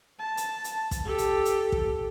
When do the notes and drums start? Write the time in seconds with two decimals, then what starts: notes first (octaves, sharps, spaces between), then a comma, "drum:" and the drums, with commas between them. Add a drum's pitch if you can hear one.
0.19 A5
0.37 drum: hi-hat
0.64 drum: hi-hat
0.91 drum: kick, hi-hat
1.05 G4 A4
1.18 drum: hi-hat
1.45 drum: hi-hat
1.72 drum: kick